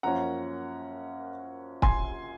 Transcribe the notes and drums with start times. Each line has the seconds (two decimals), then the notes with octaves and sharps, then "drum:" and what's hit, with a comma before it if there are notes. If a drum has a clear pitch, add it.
0.03 F#2 F3 A#3 C#4 F#5 A#5
1.82 G#5 C6, drum: kick